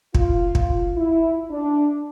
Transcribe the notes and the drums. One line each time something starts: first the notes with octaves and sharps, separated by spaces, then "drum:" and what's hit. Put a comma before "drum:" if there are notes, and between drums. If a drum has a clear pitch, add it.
F4, drum: kick
drum: kick
E4
D4